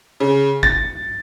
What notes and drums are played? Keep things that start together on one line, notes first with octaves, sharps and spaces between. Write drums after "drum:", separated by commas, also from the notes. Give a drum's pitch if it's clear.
C#3
A6, drum: kick G1